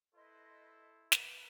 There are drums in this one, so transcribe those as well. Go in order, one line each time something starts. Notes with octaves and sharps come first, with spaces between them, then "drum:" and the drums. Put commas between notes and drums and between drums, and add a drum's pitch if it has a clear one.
E4 A4 B4 C5 D#5 C6
A#4 B4 F#5, drum: snare